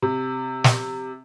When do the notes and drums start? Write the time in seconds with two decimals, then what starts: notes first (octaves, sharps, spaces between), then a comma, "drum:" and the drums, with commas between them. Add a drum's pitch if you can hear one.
0.03 C3
0.64 drum: snare